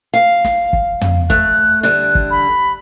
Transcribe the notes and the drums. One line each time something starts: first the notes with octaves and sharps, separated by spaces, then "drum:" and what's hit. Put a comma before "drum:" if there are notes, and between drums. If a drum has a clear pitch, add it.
F5
drum: snare
drum: kick
drum: tom
A3 F#6, drum: kick
D3 G3 F#6
drum: kick
B5